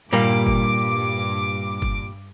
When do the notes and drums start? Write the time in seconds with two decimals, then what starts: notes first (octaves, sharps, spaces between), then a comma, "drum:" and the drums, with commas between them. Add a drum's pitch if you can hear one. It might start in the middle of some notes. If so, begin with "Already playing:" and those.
0.13 G2 A#2 G3 A#3 D6
0.46 drum: kick G1
1.82 drum: kick G1